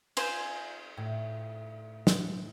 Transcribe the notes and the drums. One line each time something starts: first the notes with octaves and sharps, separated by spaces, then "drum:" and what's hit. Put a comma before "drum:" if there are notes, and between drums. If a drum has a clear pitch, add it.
F4 C5 G#5, drum: cymbal
A2
drum: snare